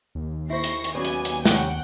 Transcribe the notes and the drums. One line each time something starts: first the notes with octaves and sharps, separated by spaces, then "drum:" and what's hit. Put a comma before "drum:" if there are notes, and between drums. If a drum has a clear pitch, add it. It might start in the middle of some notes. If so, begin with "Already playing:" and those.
D#2
E4 C5 C#6 A#6 C7
drum: hi-hat
drum: hi-hat
C#3 F#3 B3 D5 G#5
drum: hi-hat
drum: hi-hat
G2 C3 C#4 F#5 G5, drum: snare